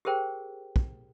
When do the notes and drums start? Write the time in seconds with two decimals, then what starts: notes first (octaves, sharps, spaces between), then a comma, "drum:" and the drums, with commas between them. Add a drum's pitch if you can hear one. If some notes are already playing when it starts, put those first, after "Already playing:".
0.05 G4 G#4 A#4 C5 G5
0.76 drum: kick